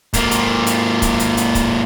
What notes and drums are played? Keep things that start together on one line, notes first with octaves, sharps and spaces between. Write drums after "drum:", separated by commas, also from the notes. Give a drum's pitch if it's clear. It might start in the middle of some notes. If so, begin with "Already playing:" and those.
G#2 A#3, drum: kick, hi-hat
drum: hi-hat
drum: hi-hat
drum: kick, hi-hat
drum: hi-hat
drum: hi-hat
drum: kick, hi-hat